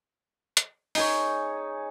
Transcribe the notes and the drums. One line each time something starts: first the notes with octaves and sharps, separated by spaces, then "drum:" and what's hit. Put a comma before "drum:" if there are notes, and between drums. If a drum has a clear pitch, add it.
drum: hi-hat
D#4 G#4 C#5, drum: open hi-hat